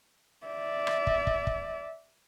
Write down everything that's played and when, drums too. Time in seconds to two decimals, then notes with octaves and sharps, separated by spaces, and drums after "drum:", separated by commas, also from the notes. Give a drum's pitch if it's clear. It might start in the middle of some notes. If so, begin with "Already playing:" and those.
0.47 D5 E5
0.87 drum: rim click
1.07 drum: kick
1.27 drum: kick
1.47 drum: kick